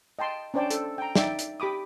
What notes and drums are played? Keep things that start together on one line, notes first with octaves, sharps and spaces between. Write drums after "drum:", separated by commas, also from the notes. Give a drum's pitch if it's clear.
D#5 G5 A5 C6
C#4 D4 C5 D5 G5 A5
A4, drum: hi-hat
G5 A#5
D#4 D5 E5 G5, drum: snare
drum: hi-hat
G4 B5 D6 D#6